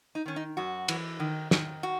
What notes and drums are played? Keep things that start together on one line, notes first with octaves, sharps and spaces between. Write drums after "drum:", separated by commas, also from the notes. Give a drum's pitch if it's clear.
D#4
D#3 C#4
D#4
F#2 F#4
E3, drum: cymbal
D#3
D#3, drum: snare
F#4